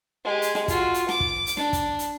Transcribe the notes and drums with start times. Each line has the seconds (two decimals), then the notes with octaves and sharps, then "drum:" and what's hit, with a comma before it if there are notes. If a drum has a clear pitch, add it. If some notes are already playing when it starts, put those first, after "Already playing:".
0.24 G#3 G4
0.42 drum: hi-hat
0.55 drum: snare
0.68 F4 F#4, drum: kick, hi-hat
0.94 drum: hi-hat
1.09 D6, drum: snare
1.20 drum: kick
1.46 drum: hi-hat
1.57 D4, drum: snare
1.73 drum: kick, hi-hat
1.99 drum: hi-hat